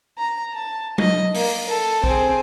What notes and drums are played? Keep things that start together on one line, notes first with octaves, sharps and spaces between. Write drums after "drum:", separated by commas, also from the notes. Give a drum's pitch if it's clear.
A#5
A5
D#5, drum: tom F#3
A#3, drum: open hi-hat
A4
C4 G#4, drum: kick B1